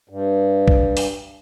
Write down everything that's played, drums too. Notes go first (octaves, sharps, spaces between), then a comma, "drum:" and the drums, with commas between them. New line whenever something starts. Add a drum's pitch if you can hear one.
G2
drum: kick B1
drum: open hi-hat